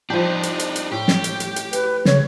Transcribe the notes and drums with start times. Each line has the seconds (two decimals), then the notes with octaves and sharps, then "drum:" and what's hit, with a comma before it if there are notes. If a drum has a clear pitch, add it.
0.10 F3 G3 D4 D#4 G4
0.43 drum: hi-hat
0.59 drum: hi-hat
0.76 drum: hi-hat
0.92 A2 G4
1.08 drum: snare
1.24 drum: hi-hat
1.40 drum: hi-hat
1.56 drum: hi-hat
1.73 B4, drum: hi-hat
2.05 C#3 C#5, drum: snare